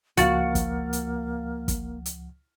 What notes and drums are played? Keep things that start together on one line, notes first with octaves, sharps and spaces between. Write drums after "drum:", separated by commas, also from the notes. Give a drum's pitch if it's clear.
C#2 F3 A#3 F#4 F5 F#5 A6 C#7, drum: hi-hat
drum: kick, hi-hat
drum: hi-hat
drum: kick, hi-hat
drum: hi-hat